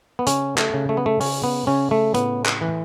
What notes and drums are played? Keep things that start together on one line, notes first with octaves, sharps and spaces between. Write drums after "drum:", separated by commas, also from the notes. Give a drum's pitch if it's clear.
B3
C#3 C#4, drum: hi-hat
A3, drum: clap
C#3
A3
B3
A3
C#3 C#4, drum: open hi-hat
B3
C#3 C#4
A3
A2 B3, drum: hi-hat
drum: clap
E3